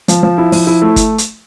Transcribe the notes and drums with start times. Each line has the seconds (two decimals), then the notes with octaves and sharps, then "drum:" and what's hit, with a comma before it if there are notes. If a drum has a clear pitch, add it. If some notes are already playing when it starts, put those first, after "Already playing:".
0.08 F3, drum: hi-hat
0.23 F3
0.38 E4
0.52 F3, drum: open hi-hat
0.67 E4
0.82 A3
0.96 drum: kick G1, hi-hat
1.18 drum: hi-hat